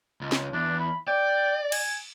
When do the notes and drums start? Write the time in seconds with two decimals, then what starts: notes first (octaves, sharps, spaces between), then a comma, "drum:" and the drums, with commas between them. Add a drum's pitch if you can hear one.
0.21 C#2
0.32 drum: snare
0.53 E2 D4
0.80 B5
1.08 D5 G5
1.72 G#5, drum: cymbal